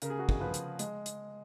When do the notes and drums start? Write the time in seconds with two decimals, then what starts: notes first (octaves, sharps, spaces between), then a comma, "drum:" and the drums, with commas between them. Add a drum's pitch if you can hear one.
0.02 C#3 A#4, drum: hi-hat
0.10 G#4
0.19 F#4
0.29 G#4, drum: kick
0.40 F3 B4
0.54 drum: hi-hat
0.79 G#3, drum: hi-hat
1.06 drum: hi-hat